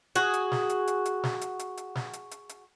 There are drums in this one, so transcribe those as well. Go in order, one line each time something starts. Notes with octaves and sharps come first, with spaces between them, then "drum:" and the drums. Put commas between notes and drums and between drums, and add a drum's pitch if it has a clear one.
F#4 G#4, drum: hi-hat
drum: hi-hat
drum: snare
drum: hi-hat
drum: hi-hat
drum: hi-hat
drum: snare
drum: hi-hat
drum: hi-hat
drum: hi-hat
drum: snare
drum: hi-hat
drum: hi-hat
drum: hi-hat